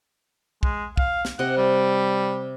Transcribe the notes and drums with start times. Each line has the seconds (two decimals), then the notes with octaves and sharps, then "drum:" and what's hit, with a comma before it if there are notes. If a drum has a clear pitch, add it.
0.63 G#3, drum: kick
0.97 F5, drum: kick
1.25 drum: snare
1.39 C3 D#5 F#5
1.57 G3